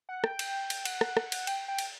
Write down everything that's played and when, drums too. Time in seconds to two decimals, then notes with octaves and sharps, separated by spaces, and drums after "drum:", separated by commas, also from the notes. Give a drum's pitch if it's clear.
0.09 F#5
0.24 G5, drum: rim click
0.39 drum: cymbal
0.70 drum: cymbal
0.85 F#5, drum: cymbal
1.01 drum: rim click
1.17 drum: rim click
1.32 drum: cymbal
1.47 G5, drum: cymbal
1.68 G5
1.79 drum: cymbal